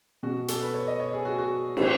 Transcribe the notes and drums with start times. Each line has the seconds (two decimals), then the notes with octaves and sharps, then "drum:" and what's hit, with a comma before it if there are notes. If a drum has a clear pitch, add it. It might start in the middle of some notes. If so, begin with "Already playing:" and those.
0.23 B2 F#4
0.48 A4, drum: hi-hat
0.61 B4
0.74 C#5
0.87 D#5
1.00 C#5
1.13 G#4
1.25 F#4
1.38 F#4
1.77 A2 E3 E4, drum: cymbal